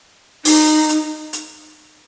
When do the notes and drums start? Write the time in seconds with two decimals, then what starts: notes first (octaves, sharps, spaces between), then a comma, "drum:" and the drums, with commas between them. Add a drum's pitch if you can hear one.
0.45 D#4, drum: open hi-hat
0.89 drum: hi-hat
1.33 drum: hi-hat